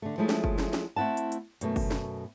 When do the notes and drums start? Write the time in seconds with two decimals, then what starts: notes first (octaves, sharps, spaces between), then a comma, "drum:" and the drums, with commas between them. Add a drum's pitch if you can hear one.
0.02 D3 A3
0.18 F3 F#3 G#3 A3 E4
0.29 drum: snare
0.44 drum: kick
0.58 drum: snare
0.73 drum: snare
0.96 A3 C4 E4 F#5 A5
1.17 drum: hi-hat
1.32 drum: hi-hat
1.61 F#2 B2 A3, drum: hi-hat
1.76 drum: kick, open hi-hat
1.91 drum: snare